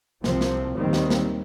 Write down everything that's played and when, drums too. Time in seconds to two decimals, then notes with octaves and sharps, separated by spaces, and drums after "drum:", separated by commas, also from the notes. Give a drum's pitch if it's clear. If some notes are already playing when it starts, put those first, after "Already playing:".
0.24 C2 C3 F3 C4, drum: snare
0.41 drum: snare
0.76 D#2 D#3 G3 C4
0.93 drum: snare
1.10 drum: snare